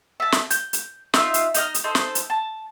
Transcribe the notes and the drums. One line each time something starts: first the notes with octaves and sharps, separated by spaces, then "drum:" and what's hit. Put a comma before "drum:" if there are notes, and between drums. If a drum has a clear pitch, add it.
E5 A5
drum: snare
G6, drum: hi-hat
drum: hi-hat
D#4 F4 E5, drum: snare
drum: hi-hat
D#4 D#5 F6, drum: hi-hat
drum: hi-hat
D#4 A4 C5
drum: snare
drum: hi-hat
A5